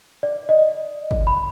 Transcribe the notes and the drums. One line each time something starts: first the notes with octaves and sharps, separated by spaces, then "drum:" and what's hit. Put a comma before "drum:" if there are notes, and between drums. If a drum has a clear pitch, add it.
D5
D#5
drum: kick
B5